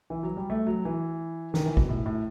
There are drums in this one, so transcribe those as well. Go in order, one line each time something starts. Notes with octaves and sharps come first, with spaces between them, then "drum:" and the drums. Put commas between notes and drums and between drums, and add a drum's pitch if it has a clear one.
E3
F#3
G3
A3
F#3
E3
D#3, drum: snare
E3
B2, drum: kick
A2
A2